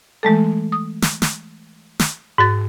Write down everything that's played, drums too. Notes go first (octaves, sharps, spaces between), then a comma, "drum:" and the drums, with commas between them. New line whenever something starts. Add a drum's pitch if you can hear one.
E3 G#3 A3 A4
D#6
drum: snare
drum: snare
drum: snare
G#2 F#4 A6